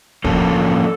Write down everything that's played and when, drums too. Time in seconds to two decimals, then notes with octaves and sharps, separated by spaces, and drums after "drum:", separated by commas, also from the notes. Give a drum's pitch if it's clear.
0.24 A2 F3 A#3 C#4 A4, drum: kick